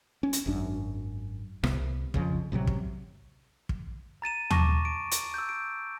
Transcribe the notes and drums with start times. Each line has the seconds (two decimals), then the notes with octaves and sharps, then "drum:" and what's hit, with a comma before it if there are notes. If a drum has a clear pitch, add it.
0.23 C#4
0.33 drum: hi-hat
0.46 G#1 F#2 D4
1.64 C2 C3 B3, drum: rim click
2.14 F2 C#3 E3 F3, drum: kick
2.52 A1 G2 C3 F#3
2.67 drum: kick
3.69 drum: kick
4.22 A#5 A6 D#7 E7
4.51 A5 C#6 D6 A#6, drum: tom D#2
4.85 D7
5.11 drum: hi-hat
5.34 E6 G6
5.49 D7